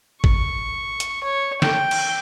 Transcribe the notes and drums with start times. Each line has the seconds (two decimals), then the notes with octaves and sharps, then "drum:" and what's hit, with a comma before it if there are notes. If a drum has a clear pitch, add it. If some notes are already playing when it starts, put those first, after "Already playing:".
0.24 C#6, drum: kick
1.00 drum: hi-hat
1.24 C#5
1.62 G5, drum: snare
1.91 drum: cymbal